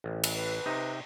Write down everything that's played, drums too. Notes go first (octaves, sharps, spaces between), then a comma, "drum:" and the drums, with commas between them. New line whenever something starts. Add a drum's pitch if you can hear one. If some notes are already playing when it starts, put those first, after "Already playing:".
A1
drum: cymbal
B4
C3 D#4